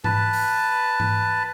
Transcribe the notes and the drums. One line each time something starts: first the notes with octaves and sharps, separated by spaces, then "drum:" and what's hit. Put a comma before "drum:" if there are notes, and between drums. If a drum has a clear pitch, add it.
B4 A5, drum: tom G#2
drum: open hi-hat
drum: tom G#2